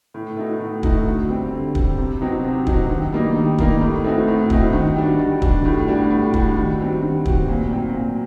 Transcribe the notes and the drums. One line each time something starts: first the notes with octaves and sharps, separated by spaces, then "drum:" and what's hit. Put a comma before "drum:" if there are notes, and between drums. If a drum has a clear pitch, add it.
A2
A3 D#4 F#4
A2
A3 D#4 F#4, drum: kick
D3
G3 C4
D3
G3 C4, drum: kick
C3
F#3 C4 D#4 F#4
C3
F#3 C4 D#4 F#4, drum: kick
D#3
G3 A#3 D#4
D#3
G3 A#3 D#4, drum: kick
A2
A3 C4 D#4 F#4
A2
A3 C4 D#4 F#4, drum: kick
D#3
G3 D4 F#4
D#3
G3 D4 F#4, drum: kick
A2
G3 D4 F#4
A2
G3 D4 F#4, drum: kick
D#3
G3 C4 F#4
D#3
G3 C4 F#4, drum: kick
A#2
F#3 C4
A#2